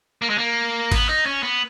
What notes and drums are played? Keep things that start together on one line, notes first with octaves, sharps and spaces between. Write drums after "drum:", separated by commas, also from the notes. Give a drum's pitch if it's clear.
A#3
G#3
A#3
B3, drum: kick G#1, cymbal
D#4
C#4
B3